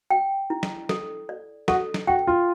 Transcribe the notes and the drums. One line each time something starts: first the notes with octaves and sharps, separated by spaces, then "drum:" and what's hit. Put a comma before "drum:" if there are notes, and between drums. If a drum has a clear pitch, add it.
G5
E4
drum: snare
A4, drum: snare
D5
F#4 A4, drum: snare
drum: snare
F#4 G5
F4